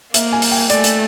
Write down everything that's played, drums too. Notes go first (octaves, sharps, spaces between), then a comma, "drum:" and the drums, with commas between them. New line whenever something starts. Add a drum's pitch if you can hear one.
A#3 E5, drum: hi-hat
G#5
drum: open hi-hat
G5
A3 D5, drum: hi-hat
drum: hi-hat